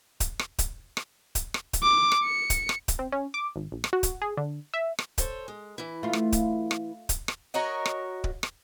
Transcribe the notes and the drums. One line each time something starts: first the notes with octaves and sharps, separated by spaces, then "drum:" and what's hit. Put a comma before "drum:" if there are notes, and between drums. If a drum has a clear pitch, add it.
drum: kick D1, hi-hat
drum: rim click
drum: kick D1, hi-hat
drum: rim click
drum: kick D1, hi-hat
drum: rim click
drum: kick D1, hi-hat
D6
drum: rim click
C#7
drum: kick D1, hi-hat
drum: rim click
drum: kick D1, hi-hat
C4
C#4
D6
G#1
A#1
drum: rim click
F#4
drum: kick D1, hi-hat
G#4
D3
E5
drum: rim click
A4 C5 C#5, drum: kick D1, hi-hat
G#3
E3 E4
A3 F4
drum: rim click
drum: kick D1, hi-hat
drum: rim click
drum: kick D1, hi-hat
drum: rim click
F#4 A#4 C#5 D#5
drum: rim click
drum: kick D1
drum: rim click